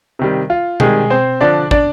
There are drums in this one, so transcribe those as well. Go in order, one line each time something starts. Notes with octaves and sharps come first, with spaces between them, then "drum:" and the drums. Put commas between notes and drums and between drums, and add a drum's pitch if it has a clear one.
C3 D#3 G3
F4
C3 D#3 G3 G#3 G#4, drum: tom B2
C4 C5
D3 F3 D4 D5
D4 D5, drum: kick